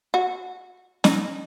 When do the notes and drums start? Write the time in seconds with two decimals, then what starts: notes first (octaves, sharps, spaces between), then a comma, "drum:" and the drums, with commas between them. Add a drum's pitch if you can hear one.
0.14 F#4
1.04 D#4, drum: snare